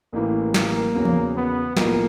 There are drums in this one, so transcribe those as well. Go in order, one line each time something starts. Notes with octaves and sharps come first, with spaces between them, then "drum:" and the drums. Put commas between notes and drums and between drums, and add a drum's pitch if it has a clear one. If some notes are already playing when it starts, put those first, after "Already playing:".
A1 A2 E3 A#3
A#3, drum: snare
E2 C#3 F#3
drum: tom E3
B3
B1 A2 F3 A#3, drum: snare